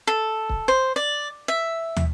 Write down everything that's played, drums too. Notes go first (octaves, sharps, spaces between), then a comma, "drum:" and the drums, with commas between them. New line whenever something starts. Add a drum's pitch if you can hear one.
A4
drum: kick C#1
C5
D5
E5
drum: tom